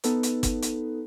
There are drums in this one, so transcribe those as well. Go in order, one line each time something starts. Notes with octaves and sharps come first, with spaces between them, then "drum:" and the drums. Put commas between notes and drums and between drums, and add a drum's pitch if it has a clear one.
B3 D#4 A4 B4, drum: hi-hat
drum: hi-hat
drum: kick, hi-hat
drum: hi-hat